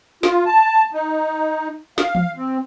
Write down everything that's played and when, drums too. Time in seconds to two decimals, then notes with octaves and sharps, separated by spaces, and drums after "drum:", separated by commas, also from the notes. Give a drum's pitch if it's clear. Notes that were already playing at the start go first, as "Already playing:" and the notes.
0.23 F4, drum: snare
0.46 A5
0.93 D#4
1.98 F5, drum: snare
2.15 drum: tom E3
2.37 C4